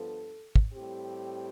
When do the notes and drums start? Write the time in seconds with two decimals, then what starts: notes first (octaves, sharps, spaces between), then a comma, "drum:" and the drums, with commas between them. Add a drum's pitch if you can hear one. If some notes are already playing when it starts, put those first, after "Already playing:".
Already playing: G2 F3 B3 D4 A4
0.56 drum: kick
0.73 A2 G3 C4 G4